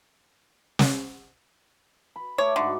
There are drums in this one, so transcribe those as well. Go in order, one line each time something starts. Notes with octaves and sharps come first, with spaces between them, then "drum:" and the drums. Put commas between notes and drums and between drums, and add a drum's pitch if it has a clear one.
drum: snare
B5
A3 C#5 D6
G#2 D3 F#4 B5